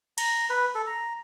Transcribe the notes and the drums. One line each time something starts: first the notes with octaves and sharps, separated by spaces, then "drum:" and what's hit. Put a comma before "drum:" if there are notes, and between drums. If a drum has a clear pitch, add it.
A#5, drum: cymbal
B4
A4
A#5